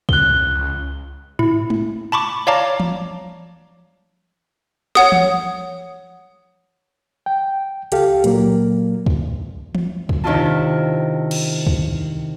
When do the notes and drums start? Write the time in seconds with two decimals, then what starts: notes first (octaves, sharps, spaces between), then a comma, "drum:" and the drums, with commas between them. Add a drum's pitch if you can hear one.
0.09 C#2 F#6 G7, drum: kick
1.39 E4, drum: tom G#2
1.70 drum: tom
2.12 A5 B5 C#6 D6
2.47 C#5 D5 F5 A5 A#5 D6
2.80 drum: tom E3
4.95 C#5 F#5 D#6, drum: snare
5.12 drum: tom E3
7.26 G5
7.92 C#2 G4 A4 F5, drum: hi-hat
8.24 A#2 F#3 A#3, drum: hi-hat
9.06 drum: kick
9.75 drum: tom E3
10.09 drum: kick
10.24 C3 D#3 D4 E4 F4 A5
11.31 drum: cymbal
11.67 drum: kick